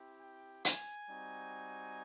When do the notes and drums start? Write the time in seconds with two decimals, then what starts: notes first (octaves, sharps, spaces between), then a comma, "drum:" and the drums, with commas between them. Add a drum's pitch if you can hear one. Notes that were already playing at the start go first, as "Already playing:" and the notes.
Already playing: C4 E4 G4
0.19 G5
0.65 G#5, drum: hi-hat
1.10 G3 C4 D#4 F#4